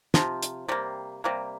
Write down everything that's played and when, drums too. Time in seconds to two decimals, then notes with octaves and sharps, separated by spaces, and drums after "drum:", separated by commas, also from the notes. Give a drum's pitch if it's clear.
0.14 C3 F3, drum: snare
0.43 drum: hi-hat
0.68 C3 G3 A#3
1.24 C3 G3 A#3